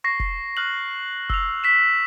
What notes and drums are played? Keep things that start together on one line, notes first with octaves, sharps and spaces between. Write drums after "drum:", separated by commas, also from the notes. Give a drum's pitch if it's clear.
C#6 A#6 C7
drum: kick F1
F6 F#6 F#7
E6 F7, drum: kick F1
B6 E7